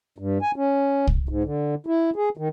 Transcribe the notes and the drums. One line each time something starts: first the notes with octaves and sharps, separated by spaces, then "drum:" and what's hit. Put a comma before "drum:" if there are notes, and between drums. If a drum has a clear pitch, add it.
G2
G#5
C#4
drum: kick C2
G#2
D3
E4
G#4
D#3